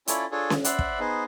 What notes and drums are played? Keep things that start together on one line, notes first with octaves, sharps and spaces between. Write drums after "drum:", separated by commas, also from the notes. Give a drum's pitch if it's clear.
C#4 E4 F4 A4 C#5 D5, drum: hi-hat
D4 F4 G#4 A4 C#5
drum: snare C#4
C5 D5 E5 F#5 B5, drum: hi-hat
drum: kick
B3 D#4 G#4 C5